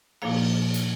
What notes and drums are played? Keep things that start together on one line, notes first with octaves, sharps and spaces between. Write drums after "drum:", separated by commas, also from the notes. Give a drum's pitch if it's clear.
A#2 F3 A#3 F5, drum: cymbal
drum: hi-hat